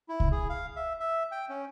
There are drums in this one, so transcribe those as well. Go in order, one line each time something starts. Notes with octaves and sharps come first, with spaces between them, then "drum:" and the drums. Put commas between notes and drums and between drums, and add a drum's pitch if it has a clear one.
E4
drum: kick C2
G#4
F5
E5
E5
G5
C#4